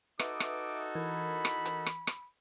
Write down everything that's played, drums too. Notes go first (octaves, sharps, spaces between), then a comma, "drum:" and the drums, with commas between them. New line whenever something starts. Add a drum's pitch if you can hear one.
D#4 F#4 A4 B4 E5 D6 D#6, drum: rim click
drum: rim click
E3 A#4 B5 G#6
drum: rim click
drum: hi-hat
drum: rim click
drum: rim click